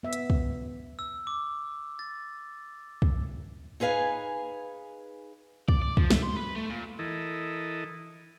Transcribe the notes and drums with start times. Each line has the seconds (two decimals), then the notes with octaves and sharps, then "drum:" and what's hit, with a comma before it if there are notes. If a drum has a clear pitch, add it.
0.03 B3 E5
0.13 drum: hi-hat
0.30 drum: kick
0.99 E6
1.27 D6
1.99 A6
3.02 drum: kick
3.80 D#4 G#4 B4 F5 G#5
5.68 D5, drum: kick
5.82 D5
5.97 F3, drum: kick
6.10 A3, drum: snare
6.23 C6
6.35 B4
6.56 A3
6.69 A#2
6.99 E3 E4 A4 A#4 D#5